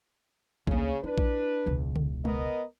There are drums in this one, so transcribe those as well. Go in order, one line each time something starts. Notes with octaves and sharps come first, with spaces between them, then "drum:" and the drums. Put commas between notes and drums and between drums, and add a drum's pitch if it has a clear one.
D2 C#3 A#3, drum: kick A#1
D4 E4 B4
drum: kick A#1
E1 C#2
drum: tom C#3
B3 A#4 D#5, drum: tom G#3